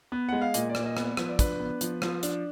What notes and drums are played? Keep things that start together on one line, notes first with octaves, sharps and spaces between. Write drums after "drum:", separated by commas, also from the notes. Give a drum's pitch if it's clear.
B3
G#3 F#5
F5
A#2 D#5, drum: hi-hat
D5
A#2, drum: rim click
D#5
B3, drum: rim click
D5
F3 B4, drum: rim click
D5
D4 B4, drum: kick, hi-hat
B3
F3, drum: hi-hat
F3, drum: rim click
D4, drum: hi-hat